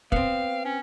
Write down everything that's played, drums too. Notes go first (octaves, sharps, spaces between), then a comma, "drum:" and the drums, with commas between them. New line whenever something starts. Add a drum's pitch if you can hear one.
B3 C4 F5, drum: kick
C#4